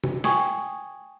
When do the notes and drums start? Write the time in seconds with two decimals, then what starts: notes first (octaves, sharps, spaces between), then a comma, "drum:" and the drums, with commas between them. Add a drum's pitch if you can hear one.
0.04 drum: tom C3
0.24 G5 G#5 C#6 D#6 G#6, drum: snare